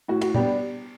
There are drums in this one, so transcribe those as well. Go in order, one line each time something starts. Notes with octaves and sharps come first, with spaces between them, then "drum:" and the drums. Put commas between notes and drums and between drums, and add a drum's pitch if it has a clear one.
A2 F#4
F#4, drum: cymbal
G3 B3 D4 G4, drum: tom